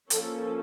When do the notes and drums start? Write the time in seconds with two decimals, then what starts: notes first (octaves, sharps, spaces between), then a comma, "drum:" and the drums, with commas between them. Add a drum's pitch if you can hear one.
0.10 F3 A#3 C#4 A4, drum: hi-hat